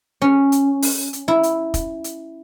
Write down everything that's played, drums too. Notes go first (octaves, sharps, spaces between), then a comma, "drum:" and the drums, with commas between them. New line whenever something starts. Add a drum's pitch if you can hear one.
C#4
drum: hi-hat
drum: open hi-hat
drum: hi-hat
E4
drum: hi-hat
drum: kick, hi-hat
drum: hi-hat